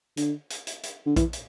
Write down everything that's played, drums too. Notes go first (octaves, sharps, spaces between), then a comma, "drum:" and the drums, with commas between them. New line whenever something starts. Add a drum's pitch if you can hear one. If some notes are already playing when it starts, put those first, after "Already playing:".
D3, drum: hi-hat
drum: hi-hat
drum: hi-hat
drum: hi-hat
D3
E3, drum: kick A#1, hi-hat
drum: hi-hat